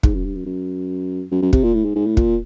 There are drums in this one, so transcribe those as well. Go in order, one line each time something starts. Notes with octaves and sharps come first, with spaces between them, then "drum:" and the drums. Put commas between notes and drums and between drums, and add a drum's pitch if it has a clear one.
G#2, drum: kick
F#2
G2
F#2
F#2
F#2
F#2
C3, drum: kick
A#2
A2
G#2
G#2
A2
A#2, drum: kick